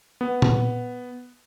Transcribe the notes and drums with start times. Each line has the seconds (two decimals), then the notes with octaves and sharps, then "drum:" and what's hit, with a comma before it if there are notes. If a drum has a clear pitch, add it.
0.21 B3
0.42 drum: tom A#2